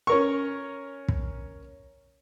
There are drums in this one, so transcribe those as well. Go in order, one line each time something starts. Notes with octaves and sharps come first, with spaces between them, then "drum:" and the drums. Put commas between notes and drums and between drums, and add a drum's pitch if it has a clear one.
C#4 A#4 C#6
drum: kick